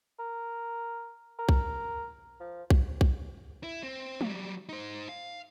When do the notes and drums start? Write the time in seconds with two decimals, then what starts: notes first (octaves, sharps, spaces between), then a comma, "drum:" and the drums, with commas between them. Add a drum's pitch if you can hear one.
0.19 A#4
1.39 A#4
1.49 drum: kick B1
2.40 F3
2.70 drum: kick B1
3.01 drum: kick B1
3.63 E4
3.83 C4
4.21 F#3 G3, drum: tom G3
4.69 D#4 C5
5.09 F5